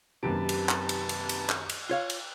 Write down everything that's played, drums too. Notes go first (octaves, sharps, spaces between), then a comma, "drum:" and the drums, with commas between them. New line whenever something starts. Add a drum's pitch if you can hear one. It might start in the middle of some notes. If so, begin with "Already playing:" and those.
F#2 C3 D#3 A#3 G4 B4 A5 D7
drum: cymbal
drum: clap
drum: cymbal
drum: cymbal
drum: cymbal
drum: clap
drum: cymbal
F4 C#5 F5
drum: cymbal